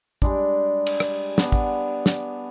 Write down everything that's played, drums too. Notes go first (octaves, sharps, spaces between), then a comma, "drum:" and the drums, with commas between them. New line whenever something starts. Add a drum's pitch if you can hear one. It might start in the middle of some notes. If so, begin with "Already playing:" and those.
G3 G#3 D4, drum: kick A1
drum: cymbal
drum: rim click
B3 D4, drum: snare
drum: kick A1
drum: snare